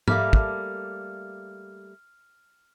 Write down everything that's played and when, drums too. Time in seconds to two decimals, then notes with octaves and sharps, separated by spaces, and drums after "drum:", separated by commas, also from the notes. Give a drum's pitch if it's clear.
0.08 G3 A3 A#3 F6, drum: tom G#2
0.33 drum: kick